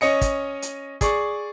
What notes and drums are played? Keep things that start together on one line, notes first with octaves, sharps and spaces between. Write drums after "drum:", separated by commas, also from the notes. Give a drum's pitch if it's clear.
C#4 C#5 D#5 C#7
drum: kick, hi-hat
drum: hi-hat
G#4 D5 C#6, drum: kick, hi-hat